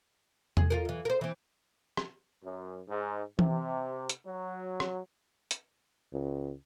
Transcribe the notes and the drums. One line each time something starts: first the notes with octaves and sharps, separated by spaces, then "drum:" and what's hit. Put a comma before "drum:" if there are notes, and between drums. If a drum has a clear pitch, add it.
G#4, drum: tom E2
F4 G#4 A#4
F#2 E3
A#4 C5
E3 C4
drum: rim click
F#2
G#2
C3, drum: tom E3
drum: hi-hat
F#3
drum: rim click
drum: hi-hat
C#2